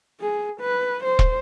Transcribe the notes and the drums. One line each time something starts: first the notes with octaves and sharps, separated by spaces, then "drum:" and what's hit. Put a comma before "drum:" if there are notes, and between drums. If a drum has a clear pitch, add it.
G#4
B4
C5
drum: kick